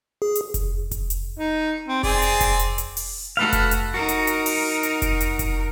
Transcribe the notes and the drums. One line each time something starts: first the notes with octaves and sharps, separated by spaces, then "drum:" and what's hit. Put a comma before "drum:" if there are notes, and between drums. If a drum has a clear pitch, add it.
G#4
drum: hi-hat
drum: kick F1, hi-hat
drum: kick F1, hi-hat
drum: hi-hat
D#4
C4
C4 G#4 D5, drum: kick F1
drum: hi-hat
drum: kick F1, hi-hat
drum: hi-hat
drum: hi-hat
drum: open hi-hat
A3 F#4 A4 B4 F5
drum: kick F1, hi-hat
drum: hi-hat
D#4 F#4 A#4
drum: hi-hat
drum: hi-hat
drum: open hi-hat
drum: hi-hat
drum: kick F1, hi-hat
drum: hi-hat
drum: kick F1, hi-hat